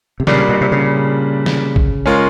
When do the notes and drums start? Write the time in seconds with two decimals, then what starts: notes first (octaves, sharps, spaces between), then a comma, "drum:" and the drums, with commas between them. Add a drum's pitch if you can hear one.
0.20 C3
0.27 A#2 C#3 G3 A#3 D4, drum: snare
0.49 B2
0.61 C3
0.72 C#3
1.46 drum: snare
1.76 drum: kick
2.06 G#3 C#4 F4 A#4